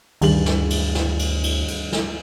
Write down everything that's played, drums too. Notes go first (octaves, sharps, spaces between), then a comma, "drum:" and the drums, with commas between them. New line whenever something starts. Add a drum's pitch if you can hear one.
D2 G2 D#3 G#4 F#7, drum: cymbal
drum: snare
drum: cymbal
drum: snare
drum: cymbal
drum: cymbal
drum: cymbal
drum: snare